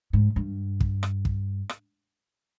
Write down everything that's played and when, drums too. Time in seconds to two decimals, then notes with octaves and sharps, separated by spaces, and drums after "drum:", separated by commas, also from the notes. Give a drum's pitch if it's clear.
0.13 G#2
0.36 G2
0.80 drum: kick
1.03 drum: rim click
1.25 drum: kick
1.69 drum: rim click